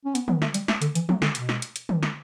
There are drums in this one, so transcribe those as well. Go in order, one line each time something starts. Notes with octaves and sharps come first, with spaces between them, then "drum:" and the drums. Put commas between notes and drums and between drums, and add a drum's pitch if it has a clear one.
C#4
B3, drum: hi-hat
B3, drum: tom
A3, drum: snare
G3, drum: hi-hat
A3, drum: snare
D3, drum: hi-hat
E3, drum: hi-hat
F#3, drum: tom
D3, drum: snare
B2, drum: hi-hat
drum: snare
drum: hi-hat
drum: hi-hat
drum: tom
drum: snare